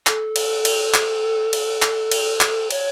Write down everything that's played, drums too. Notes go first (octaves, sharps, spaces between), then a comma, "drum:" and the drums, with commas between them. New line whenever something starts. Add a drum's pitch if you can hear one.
A4, drum: clap
drum: cymbal
drum: cymbal
drum: clap
drum: cymbal
drum: clap
drum: cymbal
drum: clap
C#5, drum: cymbal